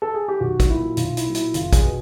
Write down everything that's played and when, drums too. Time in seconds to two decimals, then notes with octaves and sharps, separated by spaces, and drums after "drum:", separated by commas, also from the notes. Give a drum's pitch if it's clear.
0.02 A4
0.14 G#4
0.28 G4
0.40 B1 F#4
0.60 drum: kick, hi-hat
0.70 A#2 F#3 E4
0.97 B1 F4, drum: hi-hat
1.17 E4, drum: hi-hat
1.25 A#2 F#3
1.35 E4, drum: hi-hat
1.54 F#1 F4, drum: hi-hat
1.73 G#4, drum: kick, hi-hat
1.84 B2